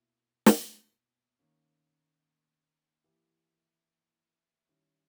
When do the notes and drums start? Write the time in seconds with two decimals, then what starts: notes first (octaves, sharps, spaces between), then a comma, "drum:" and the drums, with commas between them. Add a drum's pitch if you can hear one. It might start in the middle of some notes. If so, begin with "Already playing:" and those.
Already playing: B2 A#3 E4
0.46 drum: snare
1.39 D#3 A#3 C#4
3.04 E3 A#3 E4 G4
4.69 D#3 G3 C#4 E4